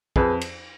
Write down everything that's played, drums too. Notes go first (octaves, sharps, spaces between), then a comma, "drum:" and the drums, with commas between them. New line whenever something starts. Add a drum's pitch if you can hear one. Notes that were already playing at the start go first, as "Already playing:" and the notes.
F2 G#4 B4, drum: kick
drum: cymbal